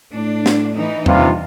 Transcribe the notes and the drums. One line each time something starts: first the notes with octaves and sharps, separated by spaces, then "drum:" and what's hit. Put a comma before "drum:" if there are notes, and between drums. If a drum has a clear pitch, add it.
A2 D4
drum: snare
E3 D#4
D#1 G2 C3 F4, drum: tom E2